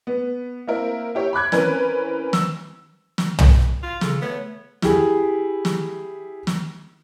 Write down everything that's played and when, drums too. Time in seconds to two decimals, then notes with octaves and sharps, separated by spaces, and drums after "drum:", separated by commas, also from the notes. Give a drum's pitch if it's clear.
0.07 B3
0.67 A#3 C4 E4 A#4
1.15 E4 G4 C#5
1.33 B5 D6 F#6 G#6
1.52 E3 C4 C#4 A#4 B4, drum: snare
2.33 E6, drum: snare
3.18 drum: snare
3.39 drum: tom
3.83 F4
4.01 C#3 A4, drum: snare
4.22 A3 B3 C#5
4.82 E4 G4 G#4, drum: snare
5.65 drum: snare
6.47 drum: snare